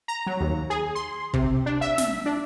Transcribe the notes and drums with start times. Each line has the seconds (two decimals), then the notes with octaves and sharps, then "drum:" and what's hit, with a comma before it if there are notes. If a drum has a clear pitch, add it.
0.08 A#5
0.26 F#3
0.40 D#2
0.70 G#4
0.95 C6
1.33 C3, drum: kick
1.66 D4
1.81 E5
1.98 drum: snare
2.26 D4